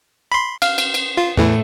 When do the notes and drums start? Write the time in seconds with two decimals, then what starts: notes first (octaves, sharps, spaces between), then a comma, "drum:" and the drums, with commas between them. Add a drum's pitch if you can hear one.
0.32 B5 C6
0.62 F5, drum: cymbal
0.78 drum: cymbal
0.94 drum: cymbal
1.17 F4
1.37 E2 A2 E3 A3